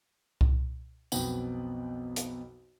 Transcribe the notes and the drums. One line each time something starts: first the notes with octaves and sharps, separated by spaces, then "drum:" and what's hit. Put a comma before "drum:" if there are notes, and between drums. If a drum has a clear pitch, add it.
drum: kick C2
B1 F2 B2 G5 F#7, drum: tambourine
drum: hi-hat